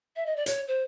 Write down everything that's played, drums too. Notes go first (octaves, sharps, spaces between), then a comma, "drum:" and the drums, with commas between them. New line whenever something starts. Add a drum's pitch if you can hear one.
E5
D#5
D5
C#5, drum: hi-hat
C5